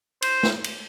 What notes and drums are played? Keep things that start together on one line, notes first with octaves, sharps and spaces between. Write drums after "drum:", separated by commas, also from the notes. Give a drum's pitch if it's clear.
C5, drum: cymbal
drum: snare
drum: cymbal